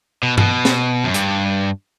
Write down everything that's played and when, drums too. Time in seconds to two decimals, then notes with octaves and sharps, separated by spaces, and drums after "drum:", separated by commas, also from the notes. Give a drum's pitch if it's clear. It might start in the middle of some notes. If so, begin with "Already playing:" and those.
0.23 B2
0.38 B2, drum: tom G2
0.65 drum: snare
1.04 F#2
1.14 G2, drum: hi-hat